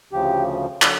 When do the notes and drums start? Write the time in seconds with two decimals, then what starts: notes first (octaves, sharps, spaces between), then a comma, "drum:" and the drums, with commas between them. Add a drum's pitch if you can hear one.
0.12 D2 C#3 F3 G4
0.82 D3 F#3, drum: clap